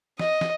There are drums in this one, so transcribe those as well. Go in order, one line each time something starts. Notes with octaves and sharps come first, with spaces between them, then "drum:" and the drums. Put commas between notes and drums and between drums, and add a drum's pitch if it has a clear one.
D#5, drum: snare
drum: snare